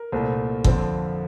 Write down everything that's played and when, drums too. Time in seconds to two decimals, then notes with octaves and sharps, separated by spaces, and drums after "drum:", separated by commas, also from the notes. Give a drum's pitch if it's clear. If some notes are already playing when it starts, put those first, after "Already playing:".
Already playing: A#4
0.12 C2 A#2 A3 C4
0.64 F2 D3 F3 C4, drum: kick G1